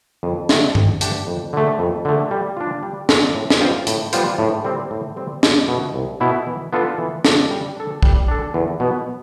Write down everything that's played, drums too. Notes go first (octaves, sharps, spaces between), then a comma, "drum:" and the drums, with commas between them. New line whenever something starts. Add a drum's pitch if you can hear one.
F2
D3 A3 D4 G4, drum: snare
F2, drum: tom G2
D3 A3 D4 G4, drum: hi-hat
F2
D3 A3
F2
D3 A3
G3
D4 F4
G3
D4 F4, drum: snare
A2
drum: snare
G3 B3 F4 C5
A2, drum: hi-hat
G3 B3 F4 C5, drum: hi-hat
A2
G3 C4
A2
G3 C4
C2, drum: snare
B2 B3 E4
C2
B2 B3 E4
E3
B3 D4 F4 A4
E3
B3 D4 F4 A4, drum: snare
G3
D4 A4
G3, drum: kick
D4 A4
E2
B2 B3